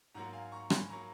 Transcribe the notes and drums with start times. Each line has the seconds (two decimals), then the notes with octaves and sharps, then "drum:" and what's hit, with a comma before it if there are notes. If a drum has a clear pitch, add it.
0.15 G#2 F#3 A#3 F#5 A#5
0.33 F5 G#5
0.52 A#5 C#6
0.70 G#5 B5, drum: rim click
0.89 F#3 A#3 A#5 C#6